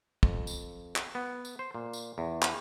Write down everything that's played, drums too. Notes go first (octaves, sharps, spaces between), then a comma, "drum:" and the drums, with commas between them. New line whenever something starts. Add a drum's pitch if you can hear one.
F2, drum: kick
drum: tambourine
drum: clap
B3
drum: tambourine
C5
A#2
drum: tambourine
E2
drum: clap